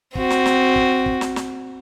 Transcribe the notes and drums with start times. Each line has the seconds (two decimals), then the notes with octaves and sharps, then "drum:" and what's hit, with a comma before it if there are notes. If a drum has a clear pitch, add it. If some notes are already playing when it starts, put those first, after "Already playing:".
0.15 C4 F#4, drum: kick
0.30 drum: snare
0.46 drum: snare
0.76 drum: kick
1.06 drum: kick
1.21 drum: snare
1.36 drum: snare